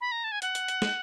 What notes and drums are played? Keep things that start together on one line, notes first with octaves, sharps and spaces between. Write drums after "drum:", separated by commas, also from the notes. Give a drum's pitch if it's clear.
B5
A#5
A5
G#5
F#5, drum: hi-hat
drum: hi-hat
drum: hi-hat
drum: snare